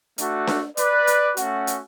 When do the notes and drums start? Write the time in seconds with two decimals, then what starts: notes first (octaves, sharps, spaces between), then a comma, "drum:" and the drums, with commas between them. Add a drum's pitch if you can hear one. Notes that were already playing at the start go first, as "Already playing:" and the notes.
0.18 A3 D4 F#4, drum: hi-hat
0.47 drum: snare D4
0.77 B4 D5, drum: hi-hat
1.07 drum: hi-hat
1.37 A3 C#4 F#4, drum: hi-hat
1.67 drum: hi-hat